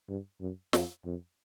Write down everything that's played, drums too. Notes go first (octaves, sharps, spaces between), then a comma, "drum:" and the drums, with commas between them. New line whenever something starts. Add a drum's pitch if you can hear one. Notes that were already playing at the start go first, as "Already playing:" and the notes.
G2
F#2
F2, drum: snare
F2